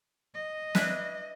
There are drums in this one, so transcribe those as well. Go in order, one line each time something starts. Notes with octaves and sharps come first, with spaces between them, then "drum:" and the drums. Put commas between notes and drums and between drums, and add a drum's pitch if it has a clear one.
D#5
D4 E4 B4, drum: snare